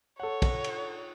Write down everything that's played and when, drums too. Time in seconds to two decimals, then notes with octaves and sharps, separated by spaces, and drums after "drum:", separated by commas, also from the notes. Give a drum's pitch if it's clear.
0.20 A4 C#5 F#5
0.42 drum: kick, cymbal
0.64 drum: cymbal